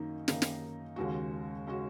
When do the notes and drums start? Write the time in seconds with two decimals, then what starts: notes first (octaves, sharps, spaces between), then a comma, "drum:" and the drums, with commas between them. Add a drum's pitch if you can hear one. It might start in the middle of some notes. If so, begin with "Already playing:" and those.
Already playing: F#2 D#3 A#3 D#4
0.28 F#2 D#3 A#3 D#4, drum: snare
0.42 drum: snare
0.96 D#2 C#3 G#3 C#4 F#4
1.67 C#3 G#3 C#4 F#4